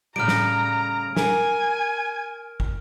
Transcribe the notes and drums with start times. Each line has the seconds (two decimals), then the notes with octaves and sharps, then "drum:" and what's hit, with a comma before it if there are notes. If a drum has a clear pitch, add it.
0.16 A2 C#3 G3 A#5 F6 D7
0.28 drum: snare
1.17 A#4 G#5, drum: snare
2.60 drum: kick